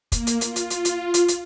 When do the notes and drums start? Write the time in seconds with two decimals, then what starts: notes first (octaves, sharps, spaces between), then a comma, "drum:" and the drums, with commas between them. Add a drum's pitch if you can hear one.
0.12 A#3, drum: kick, hi-hat
0.27 drum: hi-hat
0.41 F4, drum: hi-hat
0.56 drum: hi-hat
0.70 drum: hi-hat
0.85 drum: hi-hat
1.14 drum: hi-hat
1.28 drum: hi-hat